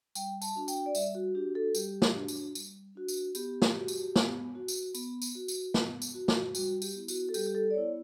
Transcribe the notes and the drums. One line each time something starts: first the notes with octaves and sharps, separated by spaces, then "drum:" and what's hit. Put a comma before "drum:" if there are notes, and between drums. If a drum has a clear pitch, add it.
G3 G5, drum: tambourine
A5, drum: tambourine
D4 F#4
G5, drum: tambourine
D5
G3 E5, drum: tambourine
F#4
D4 F#4 G4
A4
G3 G4, drum: tambourine
drum: snare
D4 F#4
drum: tambourine
G3, drum: tambourine
D4 F#4
drum: tambourine
B3 G4, drum: tambourine
drum: snare
F#4
drum: tambourine
B3, drum: snare
F#4
drum: tambourine
B3, drum: tambourine
drum: tambourine
F#4
drum: tambourine
B3, drum: snare
drum: tambourine
F#4
drum: snare
G3 F#4, drum: tambourine
G4, drum: tambourine
B3 E4
F#4, drum: tambourine
A4
G3 G4, drum: tambourine
G4
A4
D5
B3 E4 C#5